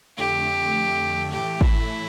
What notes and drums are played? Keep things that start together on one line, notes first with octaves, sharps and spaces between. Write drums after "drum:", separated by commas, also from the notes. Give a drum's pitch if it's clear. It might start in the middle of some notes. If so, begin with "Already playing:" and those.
F2 D3 A3 G4
A2 E3 A3 G4
E4, drum: kick